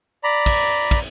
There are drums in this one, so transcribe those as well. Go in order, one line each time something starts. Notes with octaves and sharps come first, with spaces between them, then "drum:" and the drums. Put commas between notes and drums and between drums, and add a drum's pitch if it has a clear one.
D5 A#5 B5
drum: kick, cymbal
drum: kick, cymbal